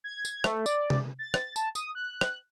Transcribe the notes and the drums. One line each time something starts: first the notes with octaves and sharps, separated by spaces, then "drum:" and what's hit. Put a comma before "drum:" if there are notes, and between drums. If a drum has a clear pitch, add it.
G#6
drum: tambourine
A3, drum: rim click
D5, drum: tambourine
drum: tom C3
A6
drum: rim click
A5, drum: tambourine
D#6, drum: tambourine
F#6
drum: rim click